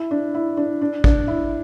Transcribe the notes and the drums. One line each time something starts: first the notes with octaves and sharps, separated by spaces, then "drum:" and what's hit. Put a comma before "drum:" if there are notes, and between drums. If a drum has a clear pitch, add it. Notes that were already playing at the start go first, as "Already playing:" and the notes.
Already playing: E4
D4
E4
D4
D4
D4, drum: kick
E4